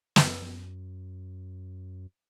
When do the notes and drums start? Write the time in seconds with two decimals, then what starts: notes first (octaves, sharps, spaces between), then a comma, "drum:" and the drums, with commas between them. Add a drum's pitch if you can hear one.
0.16 F#2, drum: snare